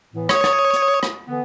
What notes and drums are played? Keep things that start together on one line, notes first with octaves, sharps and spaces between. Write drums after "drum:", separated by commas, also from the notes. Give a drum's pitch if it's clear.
A2 E3 B3
C#5 D#6, drum: rim click
drum: rim click
drum: hi-hat
drum: rim click
D3 E3 B3